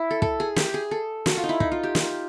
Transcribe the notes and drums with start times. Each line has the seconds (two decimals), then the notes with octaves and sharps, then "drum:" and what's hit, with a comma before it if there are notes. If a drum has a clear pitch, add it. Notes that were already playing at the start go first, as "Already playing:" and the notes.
Already playing: E4
0.11 A4
0.22 A4, drum: kick
0.40 G#4
0.56 G4, drum: snare
0.74 G#4
0.91 A4
1.26 F#4, drum: snare
1.37 F4
1.44 D#4
1.49 E4
1.60 D#4, drum: kick
1.72 F4
1.83 G4
1.95 drum: snare